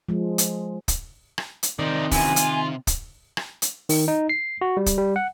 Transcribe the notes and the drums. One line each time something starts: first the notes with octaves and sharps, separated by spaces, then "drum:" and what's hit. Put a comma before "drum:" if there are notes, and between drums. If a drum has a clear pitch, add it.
F3 G#3
drum: hi-hat
drum: kick, hi-hat
drum: rim click
drum: hi-hat
C3 D#3 D#4 D5
F#2 E3 G#5, drum: kick, open hi-hat
F4, drum: hi-hat
drum: kick, hi-hat
drum: rim click
drum: hi-hat
D#3, drum: open hi-hat
D#4
C7
F#4
G3
drum: kick, hi-hat
G3
F#5